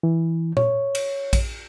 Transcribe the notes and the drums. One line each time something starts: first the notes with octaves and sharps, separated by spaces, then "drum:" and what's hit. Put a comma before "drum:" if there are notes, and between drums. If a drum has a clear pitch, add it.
E3
C#5, drum: tom A#2
drum: cymbal
drum: kick A#1, cymbal